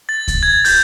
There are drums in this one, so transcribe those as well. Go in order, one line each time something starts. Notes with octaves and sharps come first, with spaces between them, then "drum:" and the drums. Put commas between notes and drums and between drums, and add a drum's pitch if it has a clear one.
A6
drum: kick C#2, hi-hat
G#6
G6, drum: open hi-hat